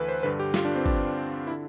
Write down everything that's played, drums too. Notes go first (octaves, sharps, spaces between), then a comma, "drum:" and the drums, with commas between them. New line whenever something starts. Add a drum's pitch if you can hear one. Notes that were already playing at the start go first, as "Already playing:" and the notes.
Already playing: D2 E3 A4 B4
C5
G2 D3 B4
G4
F4, drum: snare
D4
C4
D4, drum: kick
E4
D3